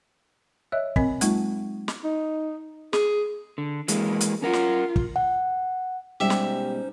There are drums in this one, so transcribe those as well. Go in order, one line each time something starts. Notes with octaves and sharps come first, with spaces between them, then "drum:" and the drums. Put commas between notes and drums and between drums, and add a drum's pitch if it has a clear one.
C#5 D#5 E5 E6 F#6
C4 A#4 D#5 G#5, drum: kick
F#3 G#3 A#3 D#4 F4, drum: hi-hat
drum: snare
D#4
G#4, drum: snare
D3
E3 G#3 A#3, drum: hi-hat
drum: hi-hat
C#4 F4 A#4 F#5
drum: snare
drum: kick
F#5
B2 G3 G#3 C#4 D#4 G4 C5 E5
drum: snare